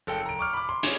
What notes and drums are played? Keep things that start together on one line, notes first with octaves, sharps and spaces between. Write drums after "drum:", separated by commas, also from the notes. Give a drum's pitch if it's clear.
F#1 A4 G5
A#5 D7
C#6 D6 F6
B5 D6
C6
C#3 C#4, drum: hi-hat